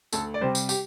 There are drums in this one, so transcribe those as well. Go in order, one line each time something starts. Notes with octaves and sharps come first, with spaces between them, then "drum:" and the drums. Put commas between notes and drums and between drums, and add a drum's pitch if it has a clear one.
D2 A4, drum: tambourine
D5
C3 G3 C5
drum: tambourine
G4, drum: tambourine